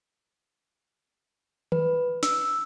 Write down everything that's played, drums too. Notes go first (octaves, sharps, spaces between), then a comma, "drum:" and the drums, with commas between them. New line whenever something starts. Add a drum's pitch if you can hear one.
B4, drum: tom D#3
E6, drum: snare